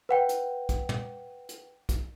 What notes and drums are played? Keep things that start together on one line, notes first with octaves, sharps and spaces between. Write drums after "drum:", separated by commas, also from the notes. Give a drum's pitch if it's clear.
B4 F#5 G5
drum: hi-hat
drum: kick B1, hi-hat
drum: tom
drum: hi-hat
drum: kick B1, hi-hat